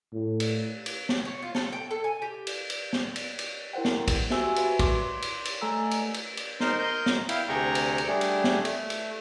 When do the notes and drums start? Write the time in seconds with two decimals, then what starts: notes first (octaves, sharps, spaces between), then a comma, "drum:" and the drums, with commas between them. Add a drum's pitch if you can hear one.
0.13 A2
0.40 drum: cymbal
0.86 drum: cymbal
1.09 drum: snare
1.25 C#5
1.42 F4
1.55 A4, drum: snare
1.72 G5
1.91 A4
2.04 G#5
2.22 G4
2.47 drum: cymbal
2.70 drum: cymbal
2.93 drum: snare
3.16 drum: cymbal
3.39 drum: cymbal
3.73 E4 A#4 C5 F#5 G5
3.85 drum: snare
4.08 drum: kick, cymbal
4.30 F#4 G4 C5 E5 G#5 E6, drum: snare
4.56 F#4 B4 E5, drum: cymbal
4.79 C6 D6, drum: kick, cymbal
5.22 drum: cymbal
5.45 drum: cymbal
5.61 A3 A4 G#5 A#5 E6
5.91 drum: cymbal
6.14 drum: cymbal
6.37 drum: cymbal
6.60 D#4 A#4 C5 C6, drum: snare
6.79 A#4 D#5 C6 G6
7.06 drum: snare
7.29 E4 F5 G5, drum: cymbal
7.49 D2 C3 G#4 G5 A#5 C#6
7.75 drum: cymbal
7.98 drum: cymbal
8.08 G3 A3 D4 G#4
8.21 drum: cymbal
8.44 drum: snare
8.65 A3, drum: cymbal
8.90 drum: cymbal